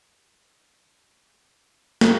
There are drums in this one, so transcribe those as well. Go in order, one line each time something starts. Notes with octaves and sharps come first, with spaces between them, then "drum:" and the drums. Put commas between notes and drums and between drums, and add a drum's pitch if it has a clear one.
E3
E3
D#3
D#3
E3
F3
D#3
C3
drum: snare